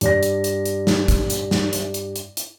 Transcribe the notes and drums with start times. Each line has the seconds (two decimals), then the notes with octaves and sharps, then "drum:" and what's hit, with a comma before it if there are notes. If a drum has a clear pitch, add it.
0.01 G2 D5 A#6, drum: hi-hat
0.23 drum: hi-hat
0.44 drum: hi-hat
0.65 drum: hi-hat
0.87 drum: snare
1.08 drum: kick, hi-hat
1.30 drum: hi-hat
1.51 drum: snare
1.73 drum: hi-hat
1.94 drum: hi-hat
2.16 drum: hi-hat
2.37 drum: hi-hat